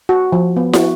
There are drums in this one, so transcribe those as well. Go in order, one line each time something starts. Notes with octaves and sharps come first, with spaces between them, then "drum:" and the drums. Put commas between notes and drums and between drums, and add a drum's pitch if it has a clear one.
F#4
F3
B3
F#4, drum: snare